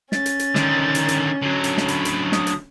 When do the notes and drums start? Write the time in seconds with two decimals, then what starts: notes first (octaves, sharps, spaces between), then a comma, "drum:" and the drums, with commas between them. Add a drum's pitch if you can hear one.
0.12 C#4 A6, drum: snare
0.26 drum: hi-hat
0.39 drum: hi-hat
0.55 D3 D#3, drum: snare
0.95 drum: hi-hat
1.09 drum: hi-hat
1.42 D3 F#3
1.64 drum: hi-hat
1.78 drum: snare
1.88 B5, drum: hi-hat
2.05 drum: hi-hat
2.32 D#6, drum: snare
2.47 drum: hi-hat